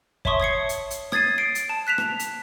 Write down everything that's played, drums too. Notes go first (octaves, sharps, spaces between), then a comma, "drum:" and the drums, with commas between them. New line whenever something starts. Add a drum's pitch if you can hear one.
C#5 E5 A5 C6 C#6 D#6, drum: kick
D#6 G#6 C7 C#7
drum: hi-hat
drum: hi-hat
D#6 G#6 A6 C7 D#7, drum: rim click
C7 D7
drum: hi-hat
A5
F#6 B6 E7 F7
drum: rim click
drum: hi-hat